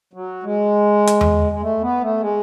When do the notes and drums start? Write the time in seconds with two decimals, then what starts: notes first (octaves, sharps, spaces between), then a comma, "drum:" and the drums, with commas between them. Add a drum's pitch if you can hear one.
0.14 F#3
0.44 G#3
1.07 drum: hi-hat
1.21 drum: tom E2
1.52 G#3
1.62 A3
1.81 B3
2.01 A3
2.20 G#3